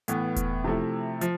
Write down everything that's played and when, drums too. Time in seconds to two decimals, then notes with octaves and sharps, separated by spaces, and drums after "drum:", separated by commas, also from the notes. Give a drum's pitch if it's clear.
0.08 A2 E3 B3, drum: hi-hat
0.36 drum: kick E1, hi-hat
0.64 C3 F3 A3 E4
1.21 F3, drum: hi-hat